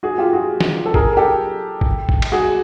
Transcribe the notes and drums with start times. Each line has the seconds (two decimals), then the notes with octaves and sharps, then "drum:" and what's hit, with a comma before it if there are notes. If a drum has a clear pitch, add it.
0.03 F#4 G#4
0.18 F4 G4
0.33 F#4 G#4
0.60 drum: snare
0.86 A4
0.94 G#4 A#4, drum: kick A1
1.13 A#4
1.17 G4 A4
1.81 drum: kick A1
2.09 drum: kick A1
2.22 drum: cymbal
2.32 F#4 G#4